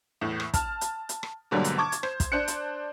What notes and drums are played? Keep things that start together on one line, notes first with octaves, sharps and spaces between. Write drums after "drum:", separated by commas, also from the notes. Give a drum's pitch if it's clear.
E2 A2
drum: rim click
A5 F6, drum: kick, hi-hat
drum: hi-hat
drum: hi-hat
drum: rim click
G#2 B2 D3 F#3 G3 A#3
drum: hi-hat
A5 C#6 D6 G#6
drum: hi-hat
C5, drum: rim click
drum: kick, hi-hat
D4 C5 F#6 C#7
drum: hi-hat